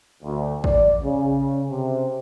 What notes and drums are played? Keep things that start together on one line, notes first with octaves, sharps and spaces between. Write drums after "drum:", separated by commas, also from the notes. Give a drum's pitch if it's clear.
D2
D5, drum: kick
C#3
C3